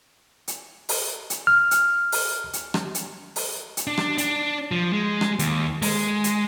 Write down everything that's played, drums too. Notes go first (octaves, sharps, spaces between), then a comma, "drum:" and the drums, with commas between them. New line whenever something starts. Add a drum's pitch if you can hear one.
drum: hi-hat
drum: open hi-hat
drum: hi-hat
F6
drum: hi-hat
drum: open hi-hat
drum: hi-hat
drum: rim click
drum: hi-hat
drum: open hi-hat
drum: hi-hat
D4
drum: rim click
D4, drum: hi-hat
F3
G#3
drum: rim click
D#2, drum: hi-hat
G#3, drum: open hi-hat
drum: hi-hat